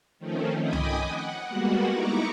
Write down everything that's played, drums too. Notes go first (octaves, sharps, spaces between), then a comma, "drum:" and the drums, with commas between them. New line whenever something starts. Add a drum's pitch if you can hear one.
D#3 F3 A3 C4 C#4
D#5 G5 G#5 B5 D6 D#6
drum: tom C2
F#5
G3 G#3 A#3 B3 F#4 F#5
D#4 E4 A#5 C#6 D6